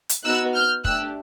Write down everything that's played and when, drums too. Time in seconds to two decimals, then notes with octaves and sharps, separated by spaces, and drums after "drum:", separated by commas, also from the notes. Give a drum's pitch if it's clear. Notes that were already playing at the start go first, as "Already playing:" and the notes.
0.09 drum: hi-hat
0.25 B3 D#4 F#4 E6 F#6
0.55 F6 G6
0.85 A3 D4 G4 E6 F#6, drum: kick